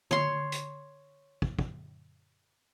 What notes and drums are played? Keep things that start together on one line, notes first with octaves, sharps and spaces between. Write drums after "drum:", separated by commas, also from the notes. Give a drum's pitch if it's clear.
C#5 C6, drum: tom D3
drum: hi-hat
drum: kick
drum: kick